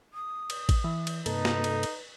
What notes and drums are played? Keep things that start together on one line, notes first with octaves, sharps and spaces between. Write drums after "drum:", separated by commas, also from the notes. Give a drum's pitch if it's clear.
D#6
drum: cymbal
drum: kick A1, cymbal
E3
drum: cymbal
G2 C3 A#3 D#4 A4 B4, drum: cymbal
drum: snare
drum: cymbal
drum: cymbal